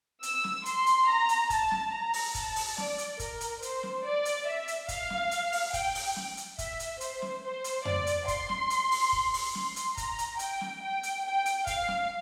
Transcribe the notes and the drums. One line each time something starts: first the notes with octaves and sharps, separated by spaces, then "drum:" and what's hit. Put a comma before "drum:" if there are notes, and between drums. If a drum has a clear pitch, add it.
E6, drum: hi-hat
drum: snare
C6, drum: hi-hat
drum: hi-hat
A#5
drum: hi-hat
A5, drum: kick, hi-hat
drum: snare
A#5
drum: open hi-hat
A5, drum: kick, hi-hat
drum: open hi-hat
D5, drum: snare
drum: hi-hat
A#4, drum: kick, hi-hat
drum: hi-hat
C5, drum: hi-hat
drum: snare
D5
drum: hi-hat
E5
drum: hi-hat
F5, drum: kick, hi-hat
drum: snare
drum: hi-hat
drum: open hi-hat
G5, drum: kick, hi-hat
drum: open hi-hat
drum: snare
drum: hi-hat
E5, drum: kick, hi-hat
drum: hi-hat
C5, drum: hi-hat
drum: snare
C5
drum: hi-hat
D5, drum: tom F2
drum: hi-hat
C6, drum: kick, hi-hat
drum: snare
drum: hi-hat
drum: open hi-hat
drum: kick
drum: open hi-hat
C6, drum: snare
drum: hi-hat
A#5, drum: kick, hi-hat
drum: hi-hat
G5, drum: hi-hat
drum: snare
G5
drum: hi-hat
G5
drum: hi-hat
F5, drum: kick, hi-hat
drum: snare